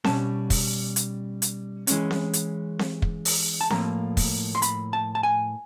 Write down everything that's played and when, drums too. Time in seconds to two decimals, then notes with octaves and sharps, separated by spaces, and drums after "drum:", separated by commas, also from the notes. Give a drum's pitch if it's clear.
0.04 B2 G3 A#3 C#4 A5, drum: snare C4
0.50 drum: kick, open hi-hat
0.96 drum: hi-hat
1.42 drum: hi-hat
1.87 E3 G#3 C#4, drum: hi-hat
2.11 drum: snare C4
2.33 drum: hi-hat
2.79 drum: snare C4
3.02 drum: kick
3.25 drum: open hi-hat
3.61 A5
3.70 A2 F3 A#3 A#5, drum: snare C4
4.17 drum: kick, open hi-hat
4.55 C6
4.62 B5, drum: hi-hat
4.93 A5
5.15 A5
5.23 G#5